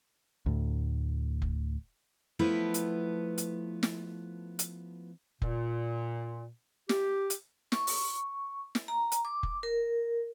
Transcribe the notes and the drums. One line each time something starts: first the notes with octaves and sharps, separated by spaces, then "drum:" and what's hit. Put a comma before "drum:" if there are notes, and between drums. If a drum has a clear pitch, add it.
D2 A2
drum: kick F1
F3 A3 B3 E4 B4
drum: hi-hat
drum: hi-hat
drum: snare
drum: hi-hat
A#2, drum: kick F1
G4, drum: snare
drum: hi-hat
C#6, drum: snare
drum: open hi-hat
drum: snare
A#5
drum: hi-hat
D6
drum: kick F1
A#4